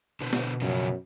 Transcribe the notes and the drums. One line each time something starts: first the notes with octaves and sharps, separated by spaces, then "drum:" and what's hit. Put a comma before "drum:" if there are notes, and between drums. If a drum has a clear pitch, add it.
B2 D3 B4 C5
drum: snare
F#2 C#3 F3 C#4